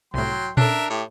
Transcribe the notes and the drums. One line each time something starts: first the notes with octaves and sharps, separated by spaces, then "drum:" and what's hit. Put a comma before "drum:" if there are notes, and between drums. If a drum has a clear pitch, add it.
C2 A2 F#3 G5 C6
C#4 D4 A4 A#4 E5, drum: tom A#2
A2 G4